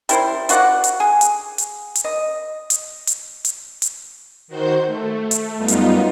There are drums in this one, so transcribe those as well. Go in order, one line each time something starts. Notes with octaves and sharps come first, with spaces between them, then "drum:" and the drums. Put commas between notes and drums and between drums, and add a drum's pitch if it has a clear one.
G3 E4 C5, drum: hi-hat
F4 F#4 D5 F#5, drum: hi-hat
drum: hi-hat
G#4
drum: hi-hat
drum: hi-hat
drum: hi-hat
D#5
drum: hi-hat
drum: hi-hat
drum: hi-hat
drum: hi-hat
D#3 F#4 C5 G6
A3
drum: hi-hat
F#2 G3 B3 D#4 F4
drum: hi-hat